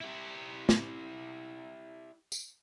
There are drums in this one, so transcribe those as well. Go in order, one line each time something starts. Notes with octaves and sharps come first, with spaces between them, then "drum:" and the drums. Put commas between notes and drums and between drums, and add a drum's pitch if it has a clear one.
E4 G4
drum: snare
drum: tambourine